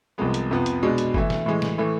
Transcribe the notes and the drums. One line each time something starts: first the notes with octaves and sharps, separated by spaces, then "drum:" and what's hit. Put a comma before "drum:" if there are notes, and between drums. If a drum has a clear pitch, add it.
C2 C3 F3 G#3 B3
drum: hi-hat
F2 C3 F3 B3
drum: hi-hat
B2 G#3 B3 D4
drum: hi-hat
E3 A3 E4, drum: kick G1
drum: snare
A2 E3 G#3
drum: snare
A2 E3 A3